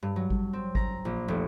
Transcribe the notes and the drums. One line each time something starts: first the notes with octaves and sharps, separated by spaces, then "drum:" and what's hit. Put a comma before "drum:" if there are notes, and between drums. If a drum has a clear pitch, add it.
G2
F#3
drum: kick G#1
C4
A#5, drum: kick G#1
A#1
F1